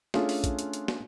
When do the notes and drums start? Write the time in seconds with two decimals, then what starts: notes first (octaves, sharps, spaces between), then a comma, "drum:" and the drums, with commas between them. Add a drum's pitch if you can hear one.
0.14 A3 C#4 D4 F4 G#4, drum: snare
0.29 drum: open hi-hat
0.44 drum: kick, hi-hat
0.59 drum: hi-hat
0.73 drum: hi-hat
0.88 drum: snare